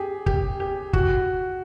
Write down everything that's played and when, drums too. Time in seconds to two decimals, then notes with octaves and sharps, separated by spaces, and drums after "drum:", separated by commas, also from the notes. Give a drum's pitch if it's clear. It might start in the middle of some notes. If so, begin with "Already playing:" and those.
Already playing: G4 G#4
0.26 G4, drum: kick
0.60 G4
0.93 F#4, drum: kick